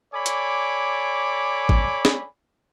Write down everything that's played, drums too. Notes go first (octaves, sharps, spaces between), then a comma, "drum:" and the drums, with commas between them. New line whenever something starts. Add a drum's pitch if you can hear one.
A4 C#5 D5 G#5 B5 D6
drum: hi-hat
drum: kick
drum: snare